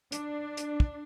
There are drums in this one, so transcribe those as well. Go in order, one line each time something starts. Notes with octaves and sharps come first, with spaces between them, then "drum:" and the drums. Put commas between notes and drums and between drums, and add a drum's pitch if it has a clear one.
D4, drum: hi-hat
drum: hi-hat
drum: kick